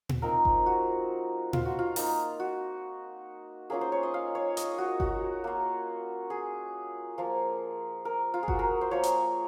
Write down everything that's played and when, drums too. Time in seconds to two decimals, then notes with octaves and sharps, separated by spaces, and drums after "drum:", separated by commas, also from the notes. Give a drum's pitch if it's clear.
0.09 drum: tom A#2
0.22 F3 C4 D#4 A#4
0.45 drum: kick G1
0.66 F#4
1.53 F4, drum: tom A#2
1.65 F#4
1.79 F4
1.96 A#3 D#4, drum: open hi-hat
2.40 F#4
3.70 A#3 C#4 F4 G#4
3.81 C5
3.92 C#5
4.03 D#5
4.14 F5
4.35 C#5
4.57 D#5, drum: hi-hat
4.78 F#4
5.00 F#4, drum: kick G1
5.44 A#3 F4
6.30 G#4
7.18 F3 A#3 F4
8.05 A#4
8.34 F4
8.43 G#4
8.48 F#4, drum: kick G1
8.59 A#4
8.81 C5
8.91 F3 A#3 F4 C#5
9.03 drum: hi-hat